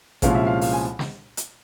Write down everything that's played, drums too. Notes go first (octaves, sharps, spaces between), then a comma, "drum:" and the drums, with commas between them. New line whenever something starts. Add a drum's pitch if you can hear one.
C2 A#2 F3 G#3 C#4 F5, drum: kick, hi-hat
E5
F5
F5, drum: open hi-hat
G#5
drum: snare
drum: hi-hat